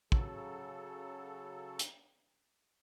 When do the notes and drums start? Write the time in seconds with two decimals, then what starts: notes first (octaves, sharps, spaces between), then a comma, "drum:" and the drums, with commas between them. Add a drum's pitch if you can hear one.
0.12 C#3 F#3 A4, drum: kick
1.79 drum: hi-hat